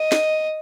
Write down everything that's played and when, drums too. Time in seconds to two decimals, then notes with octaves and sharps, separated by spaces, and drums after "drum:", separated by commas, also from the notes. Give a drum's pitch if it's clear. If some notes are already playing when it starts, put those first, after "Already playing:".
Already playing: D#5
0.12 drum: snare